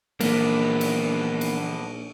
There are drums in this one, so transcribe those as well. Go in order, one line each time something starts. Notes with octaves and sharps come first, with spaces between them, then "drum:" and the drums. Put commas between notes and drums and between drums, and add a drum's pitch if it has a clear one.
A#1 E3 F#3 A#3 B3 D4, drum: cymbal
drum: cymbal
drum: cymbal